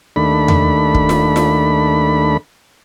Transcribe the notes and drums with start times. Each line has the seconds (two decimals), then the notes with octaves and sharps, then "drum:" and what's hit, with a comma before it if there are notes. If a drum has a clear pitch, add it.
0.16 D#2 A3 D4 B5
0.48 drum: tom E2
0.95 drum: kick
1.09 drum: snare F4
1.36 drum: snare F4